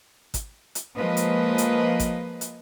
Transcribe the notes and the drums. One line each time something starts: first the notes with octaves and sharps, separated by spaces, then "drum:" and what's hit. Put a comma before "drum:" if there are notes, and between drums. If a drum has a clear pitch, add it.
drum: kick, hi-hat
drum: hi-hat
F3 G#3 A#3 B4 D#5
drum: hi-hat
drum: hi-hat
drum: kick, hi-hat
drum: hi-hat